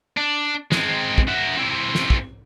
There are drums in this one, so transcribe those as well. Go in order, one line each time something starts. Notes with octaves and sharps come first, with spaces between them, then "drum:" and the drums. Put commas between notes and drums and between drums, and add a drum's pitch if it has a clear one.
D4
G#3 C4, drum: snare
drum: kick
F#4 E5
C4 E4
drum: snare
drum: kick